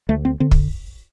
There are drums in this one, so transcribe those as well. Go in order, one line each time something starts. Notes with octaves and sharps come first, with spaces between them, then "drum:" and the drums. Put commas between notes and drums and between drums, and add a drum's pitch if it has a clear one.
D2 A3
C4
D3 C4
drum: kick